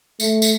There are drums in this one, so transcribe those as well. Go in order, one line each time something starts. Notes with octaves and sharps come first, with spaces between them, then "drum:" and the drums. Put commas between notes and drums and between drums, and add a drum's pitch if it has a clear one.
A3, drum: tambourine
drum: tambourine